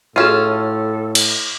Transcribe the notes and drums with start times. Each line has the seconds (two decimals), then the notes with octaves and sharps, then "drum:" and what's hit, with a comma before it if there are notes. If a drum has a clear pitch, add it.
0.16 A2 C#4 F4 F#4 G#4 A4
1.15 drum: cymbal